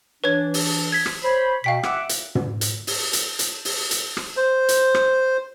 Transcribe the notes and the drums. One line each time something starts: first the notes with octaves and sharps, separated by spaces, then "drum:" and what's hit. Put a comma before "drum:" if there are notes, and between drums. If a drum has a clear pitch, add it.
E3 D4 B4 C#5 G#6
drum: open hi-hat
G#6 B6
drum: rim click
C5 C#5 B5
B2 F5 G5 B6
E5 F#5 D6, drum: rim click
drum: hi-hat
drum: tom
drum: hi-hat
drum: open hi-hat
drum: hi-hat
drum: hi-hat
drum: open hi-hat
drum: hi-hat
drum: rim click
C5
drum: hi-hat
drum: rim click